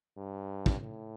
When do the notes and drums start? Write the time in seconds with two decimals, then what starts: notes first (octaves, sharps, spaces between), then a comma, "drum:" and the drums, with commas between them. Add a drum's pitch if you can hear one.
0.17 G2
0.66 drum: kick
0.82 A2